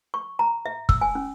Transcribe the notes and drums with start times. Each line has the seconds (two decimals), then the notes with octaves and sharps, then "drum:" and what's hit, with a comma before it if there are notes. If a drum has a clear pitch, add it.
0.14 C#6
0.39 A#5
0.66 E5
0.89 E6, drum: kick
1.01 G#5
1.15 C#4